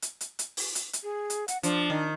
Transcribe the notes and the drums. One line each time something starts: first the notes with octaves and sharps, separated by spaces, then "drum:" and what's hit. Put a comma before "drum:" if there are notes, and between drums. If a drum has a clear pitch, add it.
drum: hi-hat
drum: hi-hat
drum: hi-hat
drum: open hi-hat
drum: hi-hat
drum: hi-hat
G#4
drum: hi-hat
F#5, drum: hi-hat
F3 D4, drum: hi-hat
D#3